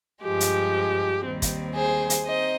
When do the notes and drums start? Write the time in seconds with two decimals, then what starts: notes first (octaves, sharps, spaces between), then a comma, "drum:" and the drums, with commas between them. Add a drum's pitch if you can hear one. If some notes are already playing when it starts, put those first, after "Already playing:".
0.23 G2 F3 G#3 G4
0.40 drum: hi-hat
1.25 D#2 D#3 G3 C4
1.42 drum: kick, hi-hat
1.76 G#4 C5
2.10 drum: hi-hat
2.27 C4 D#4 C5 D#5